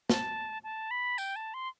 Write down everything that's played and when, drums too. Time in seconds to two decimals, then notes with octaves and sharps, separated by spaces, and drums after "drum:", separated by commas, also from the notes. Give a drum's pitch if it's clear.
0.10 A5, drum: snare
0.64 A5
0.91 B5
1.18 G5, drum: tambourine
1.36 A5
1.54 C6